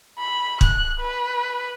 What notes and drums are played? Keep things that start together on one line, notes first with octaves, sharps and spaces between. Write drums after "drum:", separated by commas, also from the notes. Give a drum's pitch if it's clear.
B5
F#6, drum: kick
B4